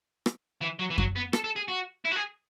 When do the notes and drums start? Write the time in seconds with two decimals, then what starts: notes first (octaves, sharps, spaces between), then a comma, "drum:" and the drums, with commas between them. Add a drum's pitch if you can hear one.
0.26 drum: rim click
0.61 E3
0.79 F#3
0.90 E3
0.98 F#3, drum: kick F#2
1.16 B3
1.33 A4, drum: rim click
1.44 A4
1.56 G#4
1.68 F#4
2.05 E4
2.11 F#4
2.16 G#4